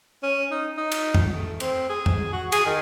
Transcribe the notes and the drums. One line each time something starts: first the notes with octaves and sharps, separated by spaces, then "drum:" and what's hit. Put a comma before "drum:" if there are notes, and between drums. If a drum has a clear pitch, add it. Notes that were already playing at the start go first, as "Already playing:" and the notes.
C#4
D#4
D#4
drum: cymbal
drum: tom F2
A3
C4, drum: cymbal
G#4
drum: tom F2
F#4
G#4, drum: cymbal
D#3